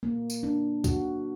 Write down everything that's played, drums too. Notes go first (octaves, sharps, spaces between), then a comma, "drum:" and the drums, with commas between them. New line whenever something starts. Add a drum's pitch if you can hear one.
A#3
drum: tambourine
D4
F#4, drum: kick, tambourine